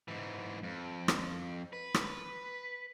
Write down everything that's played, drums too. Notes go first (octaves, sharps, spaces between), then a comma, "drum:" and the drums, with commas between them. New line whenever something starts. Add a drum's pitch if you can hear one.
G#2 E3
F2
drum: rim click
B4
drum: rim click